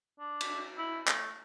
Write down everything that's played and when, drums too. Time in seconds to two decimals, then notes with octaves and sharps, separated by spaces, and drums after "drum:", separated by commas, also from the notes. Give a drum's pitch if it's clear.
0.19 D4
0.41 drum: cymbal
0.78 E4
1.07 A3, drum: clap